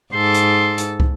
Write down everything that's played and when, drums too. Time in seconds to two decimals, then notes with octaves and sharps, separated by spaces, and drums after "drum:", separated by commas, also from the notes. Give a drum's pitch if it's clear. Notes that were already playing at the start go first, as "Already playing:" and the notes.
0.13 G#2 A4 C6
0.34 drum: hi-hat
0.78 drum: hi-hat
1.00 drum: kick